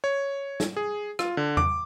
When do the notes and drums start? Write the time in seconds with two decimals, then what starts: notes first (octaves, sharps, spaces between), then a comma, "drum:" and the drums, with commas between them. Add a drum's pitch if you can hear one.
0.04 C#5
0.60 drum: snare
0.77 G#4
1.19 F4, drum: rim click
1.37 D3
1.57 D6, drum: tom E2